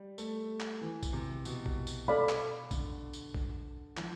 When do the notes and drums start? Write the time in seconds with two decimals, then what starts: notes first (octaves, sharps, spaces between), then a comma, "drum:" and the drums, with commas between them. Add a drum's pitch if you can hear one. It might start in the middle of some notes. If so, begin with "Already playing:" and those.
Already playing: G3
0.18 A3, drum: tambourine
0.60 drum: clap
0.81 E3
1.03 drum: kick A#1, tambourine
1.13 C3
1.45 B2, drum: tambourine
1.66 drum: kick A#1
1.87 drum: tambourine
2.08 A4 D5 F5 B5
2.29 drum: clap
2.71 D3, drum: kick A#1, tambourine
3.13 drum: tambourine
3.34 drum: kick A#1
3.97 F3, drum: clap